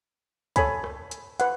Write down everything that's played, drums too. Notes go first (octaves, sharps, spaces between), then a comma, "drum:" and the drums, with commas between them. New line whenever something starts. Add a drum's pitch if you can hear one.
A4 C#5 G#5 B5, drum: kick C#2, hi-hat
drum: rim click
drum: hi-hat
B4 F#5, drum: hi-hat